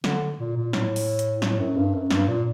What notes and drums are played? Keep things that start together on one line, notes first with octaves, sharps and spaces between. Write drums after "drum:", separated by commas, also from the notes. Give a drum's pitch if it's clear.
D3, drum: snare
A#2
A#2
A2, drum: snare
drum: open hi-hat
drum: hi-hat
A2, drum: snare
F#2
G2
F#2
G2, drum: snare
A#2